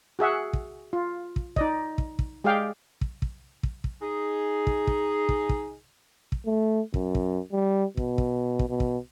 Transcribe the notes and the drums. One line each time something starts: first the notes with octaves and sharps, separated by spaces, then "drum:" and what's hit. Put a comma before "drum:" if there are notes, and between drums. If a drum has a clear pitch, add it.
F#4 G#4 E5 F#5
drum: kick
F4
drum: kick
D#4 D5 D#5, drum: kick
drum: kick
drum: kick
G#3 G4 G#4 D5 F5 G5
drum: kick
drum: kick
drum: kick
drum: kick
D#4 G#4
drum: kick
drum: kick
drum: kick
drum: kick
drum: kick
A3
F#2, drum: kick
drum: kick
G3
B2, drum: kick
drum: kick
drum: kick
B2
drum: kick